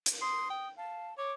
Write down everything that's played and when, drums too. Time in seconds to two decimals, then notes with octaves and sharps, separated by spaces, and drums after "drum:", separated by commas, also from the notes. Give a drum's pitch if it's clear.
0.06 drum: hi-hat
0.21 C6 D#6
0.50 G5
0.77 F5 A5
1.18 C#5 D6